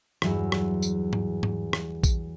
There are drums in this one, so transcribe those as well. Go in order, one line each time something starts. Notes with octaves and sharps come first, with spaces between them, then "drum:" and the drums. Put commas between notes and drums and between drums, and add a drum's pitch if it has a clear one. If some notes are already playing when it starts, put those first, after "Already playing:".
E2 G2 F#3 E5, drum: rim click
drum: rim click
drum: tambourine
drum: tom G#2
drum: tom G#2
drum: rim click
drum: kick A#1, tambourine